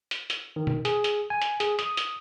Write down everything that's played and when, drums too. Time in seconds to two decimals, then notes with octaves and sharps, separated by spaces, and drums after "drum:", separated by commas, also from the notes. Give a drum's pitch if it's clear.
0.11 drum: hi-hat
0.30 drum: hi-hat
0.56 D#3
0.67 drum: tom
0.85 G#4, drum: hi-hat
1.04 drum: hi-hat
1.30 G#5
1.42 drum: hi-hat
1.60 G#4, drum: hi-hat
1.79 D#6, drum: hi-hat
1.97 drum: hi-hat